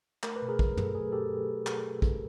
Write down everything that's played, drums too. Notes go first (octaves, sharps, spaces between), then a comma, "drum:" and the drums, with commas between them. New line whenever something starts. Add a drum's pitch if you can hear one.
A3 A#4, drum: clap
B4
B2
G#4 A#4
F#3, drum: kick
B2, drum: tom
A4
A3 G#4 A#4
B2 G4 A4
drum: clap
drum: kick